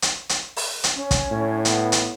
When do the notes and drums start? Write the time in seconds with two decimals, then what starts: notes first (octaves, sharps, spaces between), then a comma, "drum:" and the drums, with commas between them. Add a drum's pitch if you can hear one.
0.02 drum: hi-hat
0.29 drum: hi-hat
0.57 drum: open hi-hat
0.84 drum: hi-hat
0.96 C#4
1.11 drum: kick, hi-hat
1.31 A2
1.65 B3, drum: hi-hat
1.92 drum: hi-hat